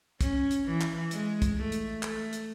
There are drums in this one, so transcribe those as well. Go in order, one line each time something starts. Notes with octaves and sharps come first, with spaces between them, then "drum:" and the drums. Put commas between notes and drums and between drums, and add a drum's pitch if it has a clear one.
C#4, drum: kick, hi-hat
drum: hi-hat
E3
drum: clap
G#3, drum: hi-hat
drum: kick, hi-hat
A3
drum: hi-hat
A3, drum: clap
drum: hi-hat